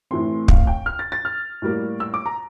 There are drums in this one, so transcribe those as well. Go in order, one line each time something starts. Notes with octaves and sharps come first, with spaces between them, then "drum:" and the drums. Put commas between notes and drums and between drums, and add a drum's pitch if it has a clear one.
A2 E3 A3 C4 C6
F5, drum: kick
G5
F6
A6
A6
F6
A2 G3 A#3
E6
D6
A#5